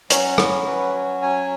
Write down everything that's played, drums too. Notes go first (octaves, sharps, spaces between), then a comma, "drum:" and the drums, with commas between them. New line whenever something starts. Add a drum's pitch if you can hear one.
F#3 C#4 F#4 C#6, drum: hi-hat
B5, drum: rim click
B4
F#4
G#5